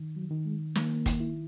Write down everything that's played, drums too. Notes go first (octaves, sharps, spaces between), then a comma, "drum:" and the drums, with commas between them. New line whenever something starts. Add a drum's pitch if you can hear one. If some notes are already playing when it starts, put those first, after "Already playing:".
Already playing: D#3
F#3
D#3
G#3
D#3 A#3, drum: snare
drum: kick, hi-hat
E4